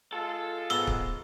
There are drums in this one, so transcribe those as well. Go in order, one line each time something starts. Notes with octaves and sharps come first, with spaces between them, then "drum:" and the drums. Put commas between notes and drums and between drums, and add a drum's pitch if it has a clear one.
G#3 F4 A4 A5
G#2 B3 A#5 E6 G7
drum: kick C#1